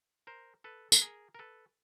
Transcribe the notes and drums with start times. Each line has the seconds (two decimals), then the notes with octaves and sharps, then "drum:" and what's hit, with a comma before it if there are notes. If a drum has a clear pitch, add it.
0.27 A#4 C5
0.64 A4 B4
0.92 B4, drum: tambourine
1.02 G#4 A#4
1.35 A#4
1.39 A4 B4